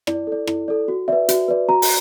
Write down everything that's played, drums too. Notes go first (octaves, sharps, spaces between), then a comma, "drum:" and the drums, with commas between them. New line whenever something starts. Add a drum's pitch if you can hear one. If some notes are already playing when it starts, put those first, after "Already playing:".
E4 D5, drum: rim click
A4
D5
E4, drum: rim click
A4 D5
F#4
B4 D5 E5
F#4, drum: hi-hat
B4 D5
F#4 A#5
drum: open hi-hat